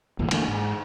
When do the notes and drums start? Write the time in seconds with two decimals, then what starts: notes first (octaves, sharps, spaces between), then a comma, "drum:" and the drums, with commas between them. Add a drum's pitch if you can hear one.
0.19 F#1 D#2 A2
0.31 D3 E3 A3 A#3, drum: cymbal
0.48 G#2